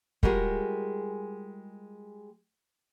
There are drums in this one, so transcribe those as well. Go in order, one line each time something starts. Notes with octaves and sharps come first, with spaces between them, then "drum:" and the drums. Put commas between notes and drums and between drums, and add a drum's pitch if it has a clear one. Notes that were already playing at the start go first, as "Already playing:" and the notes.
G3 G#3 F4 F#4 G#4 A#4, drum: kick